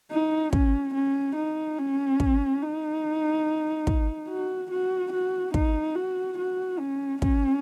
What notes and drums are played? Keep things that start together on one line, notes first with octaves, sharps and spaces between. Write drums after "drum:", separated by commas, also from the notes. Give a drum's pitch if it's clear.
D#4
C#4, drum: kick
C#4
D#4
C#4
drum: kick
D#4
drum: kick
F#4
F#4
F#4
D#4, drum: kick
F#4
F#4
C#4
C#4, drum: kick